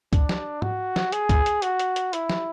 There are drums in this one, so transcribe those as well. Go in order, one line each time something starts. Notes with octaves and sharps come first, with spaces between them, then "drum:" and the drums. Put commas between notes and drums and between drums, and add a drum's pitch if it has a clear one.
D4, drum: kick, hi-hat
drum: snare
F#4, drum: tom G#2
drum: snare
G#4, drum: hi-hat
drum: kick, hi-hat
drum: hi-hat
F#4, drum: hi-hat
drum: hi-hat
drum: hi-hat
E4, drum: hi-hat
drum: snare